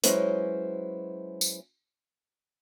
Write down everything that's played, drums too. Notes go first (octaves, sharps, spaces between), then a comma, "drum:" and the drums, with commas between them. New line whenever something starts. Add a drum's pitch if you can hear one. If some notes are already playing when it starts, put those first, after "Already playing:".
F#3 G#3 C#4 E4 B4 C5, drum: hi-hat
drum: tambourine